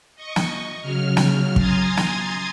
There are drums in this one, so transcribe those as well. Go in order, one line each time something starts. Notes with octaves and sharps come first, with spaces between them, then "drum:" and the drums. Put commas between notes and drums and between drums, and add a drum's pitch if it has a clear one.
D#5 C#6
drum: snare
C#3 F#3 F6
drum: snare
G#5 A#5 C6 D#6 G#6 A6, drum: kick
drum: snare